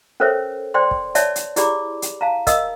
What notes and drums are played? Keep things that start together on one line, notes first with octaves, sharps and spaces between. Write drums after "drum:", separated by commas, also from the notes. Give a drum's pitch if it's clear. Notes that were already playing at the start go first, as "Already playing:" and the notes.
C#4 A4 A#4 C5 C#5 E5
C5 D5 G5 C6
drum: kick
C#5 D5 E5 A5, drum: hi-hat
drum: hi-hat
E4 G4 G#4 D5 B5 D6, drum: hi-hat
drum: hi-hat
F5 A5 A#5
A#4 D#5 F5 D#6 E6, drum: kick, hi-hat